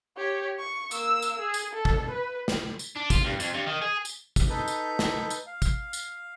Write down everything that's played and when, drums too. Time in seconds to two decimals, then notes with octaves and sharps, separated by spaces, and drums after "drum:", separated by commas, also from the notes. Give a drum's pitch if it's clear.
0.17 G4 C#5
0.59 C#6
0.91 A#3 E6, drum: tambourine
1.22 drum: tambourine
1.40 G#4
1.54 drum: tambourine
1.74 A4
1.85 drum: kick
2.10 B4
2.48 drum: snare
2.79 drum: tambourine
2.97 D4
3.10 F4, drum: kick, tambourine
3.25 G2
3.40 F2, drum: tambourine
3.54 G2
3.67 D#3
3.81 G#4
4.05 drum: tambourine
4.36 drum: kick, tambourine
4.50 D#4 A4 B4 G6
4.68 drum: tambourine
4.99 drum: snare
5.30 drum: tambourine
5.47 F5
5.62 drum: kick, tambourine
5.93 drum: tambourine